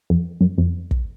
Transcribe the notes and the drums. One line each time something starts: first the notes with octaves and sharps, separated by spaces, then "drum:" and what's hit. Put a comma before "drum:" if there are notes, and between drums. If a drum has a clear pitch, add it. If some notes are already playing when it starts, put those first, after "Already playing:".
F2
F#2
F2
drum: kick